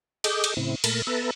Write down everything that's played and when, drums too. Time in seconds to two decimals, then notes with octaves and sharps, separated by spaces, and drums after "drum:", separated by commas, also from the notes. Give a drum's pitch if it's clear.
0.24 G#4 A4 D#5 D6 G6, drum: cymbal
0.44 drum: cymbal
0.57 A2 C#3 C4 E4
0.84 A#2 A3 A#4 A5 B5 A#6, drum: cymbal
1.07 B3 A4 B4 E5 A5 A#5